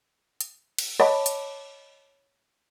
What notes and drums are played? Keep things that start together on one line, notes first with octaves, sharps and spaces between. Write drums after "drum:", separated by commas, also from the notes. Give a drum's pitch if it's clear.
drum: hi-hat
drum: cymbal
C#5 D#5 F#5 A5 B5 D6, drum: rim click
drum: hi-hat